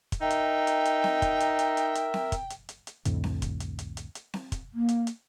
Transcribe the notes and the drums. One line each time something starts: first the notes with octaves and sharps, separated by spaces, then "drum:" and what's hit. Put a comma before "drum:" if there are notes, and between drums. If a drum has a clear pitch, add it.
drum: kick, hi-hat
D#4 A#4 E5 G5
drum: hi-hat
drum: hi-hat
drum: hi-hat
drum: snare C4
drum: kick, hi-hat
drum: hi-hat
drum: hi-hat
drum: hi-hat
drum: hi-hat
drum: snare C4
drum: kick, hi-hat
drum: hi-hat
drum: hi-hat
drum: hi-hat
C2 F2 A2 D3, drum: hi-hat
drum: snare C4
drum: kick, hi-hat
drum: hi-hat
drum: hi-hat
drum: hi-hat
drum: hi-hat
drum: snare C4
drum: kick, hi-hat
A#3
drum: hi-hat
drum: hi-hat